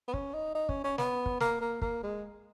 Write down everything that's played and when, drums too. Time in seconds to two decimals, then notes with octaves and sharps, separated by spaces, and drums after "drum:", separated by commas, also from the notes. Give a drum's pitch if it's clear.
0.08 B3
0.14 C#4, drum: kick
0.34 D#4
0.55 D#4
0.69 C#4, drum: kick
0.84 C#4
0.98 B3, drum: snare
1.26 drum: kick
1.40 A#3, drum: snare
1.61 A#3
1.82 A#3, drum: kick
2.03 G#3